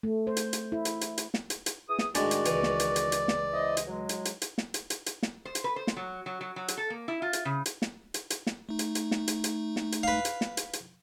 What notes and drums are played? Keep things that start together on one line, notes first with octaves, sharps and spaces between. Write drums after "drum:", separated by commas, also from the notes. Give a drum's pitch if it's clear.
A3
C5
drum: hi-hat
drum: hi-hat
E4
drum: hi-hat
drum: hi-hat
drum: hi-hat
drum: snare
drum: hi-hat
drum: hi-hat
E3 G#4 D#6
drum: snare
A2 D#3 G#3 D4 F#4 D5, drum: hi-hat
drum: hi-hat
C#2 E3, drum: hi-hat
drum: snare
drum: hi-hat
drum: hi-hat
drum: hi-hat
drum: snare
E4 C5 D#5
drum: hi-hat
F#3 G#3
drum: hi-hat
drum: hi-hat
drum: hi-hat
drum: snare
drum: hi-hat
drum: hi-hat
drum: hi-hat
drum: snare
C5
drum: hi-hat
B4
C5
drum: snare
F#3
F#3
F#3
F#3
drum: hi-hat
A4
A#3
E4
F4
drum: hi-hat
C#3
drum: hi-hat
drum: snare
drum: hi-hat
drum: hi-hat
drum: snare
A3 D#4
drum: hi-hat
drum: hi-hat
drum: snare
drum: hi-hat
drum: hi-hat
drum: snare
drum: hi-hat
B4 F5
drum: hi-hat
drum: snare
drum: hi-hat
drum: hi-hat